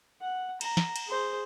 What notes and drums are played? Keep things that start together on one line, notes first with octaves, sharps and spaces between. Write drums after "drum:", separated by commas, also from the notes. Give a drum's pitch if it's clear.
F#5
A#5, drum: cymbal
drum: snare
drum: cymbal
G#4 C5